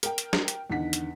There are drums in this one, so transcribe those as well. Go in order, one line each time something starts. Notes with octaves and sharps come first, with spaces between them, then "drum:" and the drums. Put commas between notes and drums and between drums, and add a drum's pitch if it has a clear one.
A#4 G5, drum: hi-hat
drum: hi-hat
drum: snare
drum: hi-hat
E2 D3 D#3 F#5 B6
drum: hi-hat